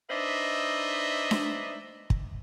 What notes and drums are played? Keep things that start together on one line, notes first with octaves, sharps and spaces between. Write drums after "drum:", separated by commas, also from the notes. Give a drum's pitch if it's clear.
D4 D#4 B4 C5 D#5 E5
drum: snare D4
drum: kick